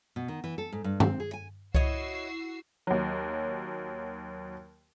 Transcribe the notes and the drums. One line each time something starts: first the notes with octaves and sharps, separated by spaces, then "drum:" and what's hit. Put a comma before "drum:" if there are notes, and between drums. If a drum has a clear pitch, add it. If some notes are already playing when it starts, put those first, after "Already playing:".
B2
D#3
E3
A4
G#2
G2
C4, drum: tom G2
G#4
G#5
E4 F#4 C#5 D#5 E6 C7, drum: kick C2
D#2 F#3